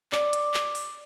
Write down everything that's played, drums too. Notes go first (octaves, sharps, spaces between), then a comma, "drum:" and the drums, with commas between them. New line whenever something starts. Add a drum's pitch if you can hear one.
D5, drum: clap
drum: hi-hat
drum: clap
drum: open hi-hat